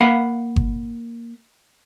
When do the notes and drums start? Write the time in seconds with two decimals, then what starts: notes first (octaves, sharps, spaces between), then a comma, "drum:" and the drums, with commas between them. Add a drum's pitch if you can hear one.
0.01 A#3 F5 F#5 B5
0.56 drum: kick G1